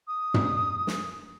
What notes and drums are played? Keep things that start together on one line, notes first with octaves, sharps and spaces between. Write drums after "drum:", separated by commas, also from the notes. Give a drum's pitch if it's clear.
D#6
drum: tom
drum: snare